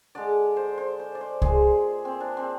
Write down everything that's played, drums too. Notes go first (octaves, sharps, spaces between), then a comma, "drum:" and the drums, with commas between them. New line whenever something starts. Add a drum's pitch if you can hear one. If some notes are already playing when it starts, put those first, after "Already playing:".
D3 G#3 D5
C5
C5
C5
D5
C5
A#2 G#3 G#4, drum: kick C2
C4
D4
C4